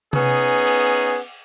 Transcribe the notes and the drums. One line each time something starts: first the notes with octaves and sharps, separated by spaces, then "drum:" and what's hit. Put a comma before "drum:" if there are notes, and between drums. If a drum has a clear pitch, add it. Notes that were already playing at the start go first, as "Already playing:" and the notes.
B3 C#4 D#4 G#4, drum: tom C3
drum: cymbal